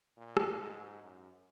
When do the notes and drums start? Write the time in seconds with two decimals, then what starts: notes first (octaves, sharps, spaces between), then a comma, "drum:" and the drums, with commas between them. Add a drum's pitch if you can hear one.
0.17 A#2
0.37 drum: rim click
0.60 G#2
1.03 F#2